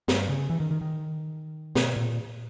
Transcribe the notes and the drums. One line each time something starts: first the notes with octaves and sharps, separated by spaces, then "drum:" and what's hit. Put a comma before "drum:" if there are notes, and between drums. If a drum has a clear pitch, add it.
G2, drum: snare
C#3
E3
D#3
D#3
D#3
B2, drum: snare
A#2